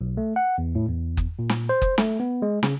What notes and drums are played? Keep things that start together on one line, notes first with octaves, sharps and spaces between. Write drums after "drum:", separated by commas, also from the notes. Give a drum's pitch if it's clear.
B1
A3
F#5
E2
A2
E2
drum: kick F#1
A#2
drum: snare
C5
drum: kick F#1
A3, drum: snare
B3
G#3
C#3, drum: snare